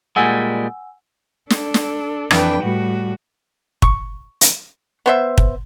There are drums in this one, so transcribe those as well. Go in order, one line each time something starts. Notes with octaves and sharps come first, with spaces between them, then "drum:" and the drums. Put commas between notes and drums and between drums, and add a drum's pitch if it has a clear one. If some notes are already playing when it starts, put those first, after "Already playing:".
A#2 G3 G#3 F#5 G#5 E6
D4 A4, drum: snare
drum: snare
F2 E3 D4 B4 G5 B5, drum: rim click
A2 G3 F#4
C#6, drum: kick
drum: hi-hat
B3 C5 E5
drum: kick